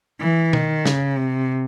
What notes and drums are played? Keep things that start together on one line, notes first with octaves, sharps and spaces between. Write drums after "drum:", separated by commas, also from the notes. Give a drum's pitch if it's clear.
E3
D#3, drum: tom B2
C#3, drum: snare
C3